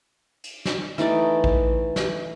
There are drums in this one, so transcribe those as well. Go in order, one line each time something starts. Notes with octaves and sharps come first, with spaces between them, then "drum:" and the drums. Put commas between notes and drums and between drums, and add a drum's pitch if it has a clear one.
drum: cymbal
drum: snare
E3 A3 D#4 D5, drum: rim click
drum: kick A1
drum: snare